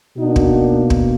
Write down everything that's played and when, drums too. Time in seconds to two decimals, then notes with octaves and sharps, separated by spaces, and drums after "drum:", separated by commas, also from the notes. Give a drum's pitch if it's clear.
0.17 B2 A#3 D4 D#4 F#4
0.36 drum: kick
0.90 drum: kick